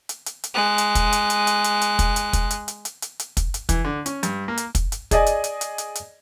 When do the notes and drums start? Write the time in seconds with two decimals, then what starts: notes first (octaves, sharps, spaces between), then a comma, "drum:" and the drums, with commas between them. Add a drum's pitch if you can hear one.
0.09 drum: hi-hat
0.26 drum: hi-hat
0.44 drum: hi-hat
0.54 G#3 F#6
0.78 drum: hi-hat
0.95 drum: kick, hi-hat
1.13 drum: hi-hat
1.30 drum: hi-hat
1.47 drum: hi-hat
1.64 drum: hi-hat
1.81 drum: hi-hat
1.99 drum: kick, hi-hat
2.16 drum: hi-hat
2.33 drum: kick, hi-hat
2.50 drum: hi-hat
2.68 drum: hi-hat
2.85 drum: hi-hat
3.02 drum: hi-hat
3.19 drum: hi-hat
3.37 drum: kick, hi-hat
3.54 drum: hi-hat
3.69 E3, drum: kick, hi-hat
3.85 D3
4.06 C#4, drum: hi-hat
4.23 G2, drum: hi-hat
4.48 A#3
4.57 drum: hi-hat
4.75 drum: kick, hi-hat
4.92 drum: hi-hat
5.11 G#4 D5 D#5 G#5, drum: kick, hi-hat
5.26 drum: hi-hat
5.44 drum: hi-hat
5.61 drum: hi-hat
5.78 drum: hi-hat
5.95 drum: hi-hat